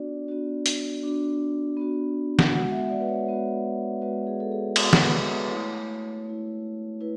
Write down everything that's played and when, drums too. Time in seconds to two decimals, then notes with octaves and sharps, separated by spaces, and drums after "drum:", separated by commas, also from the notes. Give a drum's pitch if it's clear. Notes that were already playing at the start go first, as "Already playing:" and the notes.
Already playing: B3 D4 F#4 D5
0.28 B3 D4 F#4
0.66 drum: hi-hat
1.02 B3 D4 F#4
1.77 B3 D4 F#4
2.39 drum: snare
2.51 G#3 B3 F#4 F#5
2.71 E5
2.90 D5
3.00 B4
3.09 C#5
3.26 G#3 B3 F#4
4.02 G#3 B3 F#4 B4
4.27 G#4
4.40 A4
4.52 G#4
4.76 G#3 B3 F#4, drum: cymbal
4.93 drum: snare
5.02 B4
5.26 C#5
5.34 B4
5.41 C#5
5.51 A3 E4
6.25 A3 E4
7.01 E4 B4